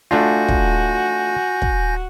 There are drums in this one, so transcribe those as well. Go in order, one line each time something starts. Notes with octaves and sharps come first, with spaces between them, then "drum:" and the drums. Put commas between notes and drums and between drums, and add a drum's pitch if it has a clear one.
A3 D4 F4 F#4 G#5 G6 A#6
drum: kick
drum: kick